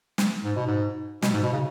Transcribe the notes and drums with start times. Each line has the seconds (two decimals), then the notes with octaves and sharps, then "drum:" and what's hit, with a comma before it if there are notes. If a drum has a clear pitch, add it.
0.18 drum: snare
0.44 G#2
0.56 B2
0.67 G#2
1.22 B2, drum: snare
1.33 G#2
1.43 B2
1.52 C#3